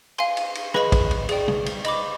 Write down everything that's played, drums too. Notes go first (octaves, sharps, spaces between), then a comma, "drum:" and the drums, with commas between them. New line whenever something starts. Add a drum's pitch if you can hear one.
F5 G#5 C6, drum: cymbal
drum: cymbal
drum: cymbal
G#4 B4 D#5 B5, drum: rim click
drum: kick, cymbal
drum: cymbal
G#4 D5 G5, drum: cymbal
drum: tom C3
drum: cymbal
D#5 B5 D6, drum: cymbal